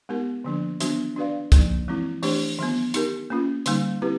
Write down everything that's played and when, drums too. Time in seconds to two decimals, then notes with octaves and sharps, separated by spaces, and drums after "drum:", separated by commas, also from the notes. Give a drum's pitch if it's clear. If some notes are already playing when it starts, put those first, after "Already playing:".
0.09 G#3 B3 D#4 G4 A#4
0.44 D3 F3 A#3 D4
0.80 D#3 F#3 B3 D4 F#4, drum: hi-hat
1.16 D4 F#4 B4 D5 F5
1.52 F3 A#3 D#4, drum: kick, hi-hat
1.88 E3 G#3 C4 E4
2.23 E3 A3 D4 G4 C5, drum: open hi-hat
2.59 D#3 F#3 B3
2.94 D#4 G4 A#4, drum: hi-hat
3.30 A#3 C#4 F4
3.66 D3 G3 A#3 D#4, drum: hi-hat
4.02 C4 E4 G4 B4